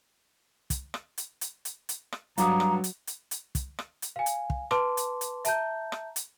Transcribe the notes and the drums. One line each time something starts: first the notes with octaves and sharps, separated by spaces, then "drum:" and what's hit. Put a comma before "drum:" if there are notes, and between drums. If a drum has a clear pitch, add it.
drum: kick, hi-hat
drum: rim click
drum: hi-hat
drum: hi-hat
drum: hi-hat
drum: hi-hat
drum: rim click
F#3 G3 D4 B4 F5 A#5 D6 D#6, drum: hi-hat
drum: rim click
drum: hi-hat
drum: hi-hat
drum: hi-hat
drum: kick, hi-hat
drum: rim click
drum: hi-hat
F5 G#5
drum: hi-hat
drum: kick
B4 A5 C6 D6, drum: rim click
drum: hi-hat
drum: hi-hat
E5 A5 A#5 G6, drum: hi-hat
drum: rim click
drum: hi-hat